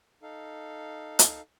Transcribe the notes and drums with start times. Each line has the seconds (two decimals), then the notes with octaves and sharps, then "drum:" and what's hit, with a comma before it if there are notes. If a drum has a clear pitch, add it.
0.22 D#4 A4 F5
1.19 drum: hi-hat